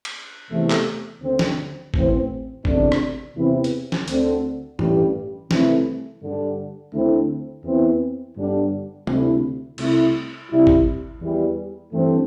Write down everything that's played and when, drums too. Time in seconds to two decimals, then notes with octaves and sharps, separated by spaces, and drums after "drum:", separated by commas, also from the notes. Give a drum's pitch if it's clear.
0.05 drum: cymbal
0.50 E2 C3 A3
0.70 drum: clap
1.22 D2 D3 A3 C4
1.39 drum: snare
1.94 A1 A2 E3 C4, drum: kick G#1
2.65 E2 C3 A3 D4, drum: kick G#1
2.92 drum: rim click
3.36 E2 C3 E3 C4 E4
3.64 drum: hi-hat
3.92 drum: snare
4.08 D2 D3 C4, drum: hi-hat
4.79 A1 G2 G3, drum: tom G2
5.51 C2 C3 E3 A3 E4, drum: snare
6.21 G2 D3 G3 D4
6.93 D2 D3 A3 C4 E4
7.64 E2 E3 C4
8.36 G1 G2 D3 G3 D4
9.07 D2 C3 A3 E4, drum: tom
9.78 C2 C3 A3 E4, drum: cymbal
10.50 C2 C3 G3 E4
10.67 drum: kick G#1
11.21 E2 E3 G3
11.93 G2 E3 A3 C4